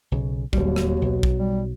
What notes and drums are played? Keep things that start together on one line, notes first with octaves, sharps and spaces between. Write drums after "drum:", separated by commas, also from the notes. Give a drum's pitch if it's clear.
B1 C#3
D1 D#2 F#3 G3, drum: kick
drum: rim click
B1
drum: kick
G3